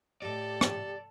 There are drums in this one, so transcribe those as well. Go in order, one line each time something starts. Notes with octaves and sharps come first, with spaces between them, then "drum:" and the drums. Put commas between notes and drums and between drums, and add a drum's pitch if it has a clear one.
A2 G4 A4 D5 D#5
drum: rim click